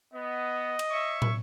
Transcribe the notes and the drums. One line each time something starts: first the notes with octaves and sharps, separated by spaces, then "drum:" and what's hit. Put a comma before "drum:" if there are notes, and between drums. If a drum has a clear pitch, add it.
B3 D#5
drum: cymbal
C#5 E5 C#6
drum: tom